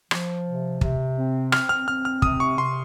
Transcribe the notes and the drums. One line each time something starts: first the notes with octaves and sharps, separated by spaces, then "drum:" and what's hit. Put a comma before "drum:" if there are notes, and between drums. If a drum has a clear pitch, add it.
F3, drum: rim click
C3
C3, drum: kick
C4
C4 F6, drum: rim click
F6
C4 F6
F6
C3 D#6, drum: kick
C#6
C3 C6